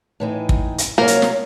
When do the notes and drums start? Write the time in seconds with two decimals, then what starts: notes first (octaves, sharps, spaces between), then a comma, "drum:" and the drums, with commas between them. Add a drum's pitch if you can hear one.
0.20 A2 E3 D#4
0.49 drum: kick
0.78 drum: hi-hat
0.98 C3 F#3 A#3 A#4 C#5
1.08 drum: hi-hat
1.22 drum: snare